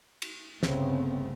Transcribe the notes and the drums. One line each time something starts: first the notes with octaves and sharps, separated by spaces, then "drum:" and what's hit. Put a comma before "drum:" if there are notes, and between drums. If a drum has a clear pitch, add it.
drum: cymbal
G1 C2 C#3 A3 B3 C4, drum: snare